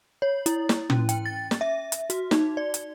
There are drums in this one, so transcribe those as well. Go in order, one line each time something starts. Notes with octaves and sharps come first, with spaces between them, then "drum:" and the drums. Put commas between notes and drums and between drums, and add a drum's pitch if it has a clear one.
C#5
E4, drum: hi-hat
drum: snare
C#4, drum: tom
G5, drum: hi-hat
A6
drum: snare
E5
drum: hi-hat
F#4, drum: hi-hat
D#4, drum: snare
D5
drum: hi-hat